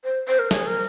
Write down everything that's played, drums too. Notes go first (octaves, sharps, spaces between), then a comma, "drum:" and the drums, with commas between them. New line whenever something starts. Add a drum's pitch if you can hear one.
C5
C5
A#4
G#4, drum: snare
A#4